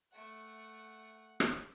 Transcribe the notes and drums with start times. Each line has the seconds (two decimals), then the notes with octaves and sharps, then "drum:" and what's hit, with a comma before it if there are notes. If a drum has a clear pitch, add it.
0.13 A3 F#5
1.40 drum: rim click